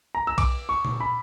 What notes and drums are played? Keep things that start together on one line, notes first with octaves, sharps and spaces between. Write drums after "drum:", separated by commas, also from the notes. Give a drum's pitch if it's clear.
A#5
E6
D6, drum: kick B1, cymbal
C#6
drum: tom A#2
B5